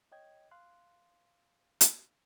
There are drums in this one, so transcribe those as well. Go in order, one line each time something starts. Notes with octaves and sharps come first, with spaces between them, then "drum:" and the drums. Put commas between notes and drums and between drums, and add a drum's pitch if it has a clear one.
C#5 D#5 G5 G#6
F5 C6 F#6
drum: hi-hat